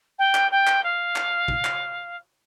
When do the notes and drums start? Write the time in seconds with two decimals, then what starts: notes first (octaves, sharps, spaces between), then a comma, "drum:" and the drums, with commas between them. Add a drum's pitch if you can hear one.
0.19 G5
0.35 drum: clap
0.51 G5
0.67 drum: clap
0.83 F5
1.16 drum: clap
1.48 drum: kick
1.65 drum: clap